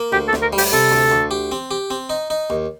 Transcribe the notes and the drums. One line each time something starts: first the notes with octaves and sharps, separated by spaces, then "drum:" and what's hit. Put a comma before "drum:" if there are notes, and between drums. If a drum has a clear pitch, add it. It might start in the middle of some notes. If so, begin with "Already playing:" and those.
Already playing: A#3
D2 G4
A4
D2, drum: snare
A#4
G3
G4, drum: open hi-hat
C3 A4
D2
D2
G4
C4
G4
C4
D#4
D#4
D#2